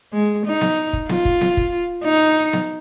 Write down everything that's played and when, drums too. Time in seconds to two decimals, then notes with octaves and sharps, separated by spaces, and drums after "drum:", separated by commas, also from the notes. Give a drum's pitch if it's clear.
0.13 G#3
0.46 D#4
0.61 drum: snare B3
0.93 drum: kick
1.09 F4, drum: snare B3
1.25 drum: kick
1.41 drum: snare B3
1.57 drum: kick
2.05 D#4
2.53 drum: snare B3